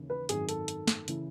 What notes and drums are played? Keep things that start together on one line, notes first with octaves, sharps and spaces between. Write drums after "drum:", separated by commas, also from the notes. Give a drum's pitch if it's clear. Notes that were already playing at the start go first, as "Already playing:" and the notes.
Already playing: D#2 C#3 E3
B4
G#1 F#2 D#3 G#4, drum: hi-hat
A4, drum: hi-hat
drum: hi-hat
drum: snare
C#3 E3, drum: hi-hat